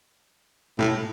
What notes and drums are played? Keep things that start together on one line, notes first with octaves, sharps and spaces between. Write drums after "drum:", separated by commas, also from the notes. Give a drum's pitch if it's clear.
A2, drum: tom